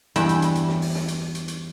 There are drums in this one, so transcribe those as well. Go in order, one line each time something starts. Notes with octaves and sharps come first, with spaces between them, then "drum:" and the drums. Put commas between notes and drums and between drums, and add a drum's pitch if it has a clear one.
E2 G2 G4 E5 B5, drum: hi-hat
drum: hi-hat
drum: hi-hat
drum: hi-hat
drum: snare
drum: open hi-hat
drum: snare
drum: hi-hat
drum: hi-hat
drum: hi-hat